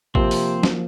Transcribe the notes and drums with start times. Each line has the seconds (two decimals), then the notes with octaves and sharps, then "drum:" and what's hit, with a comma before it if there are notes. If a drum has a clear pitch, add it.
0.15 C3 F3 A#3 C4, drum: kick A1
0.31 drum: open hi-hat
0.63 drum: snare